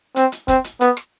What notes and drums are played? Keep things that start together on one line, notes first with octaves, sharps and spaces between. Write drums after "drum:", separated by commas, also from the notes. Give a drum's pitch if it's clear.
C4, drum: hi-hat
drum: hi-hat
C4, drum: kick, hi-hat
drum: hi-hat
B3, drum: hi-hat
drum: rim click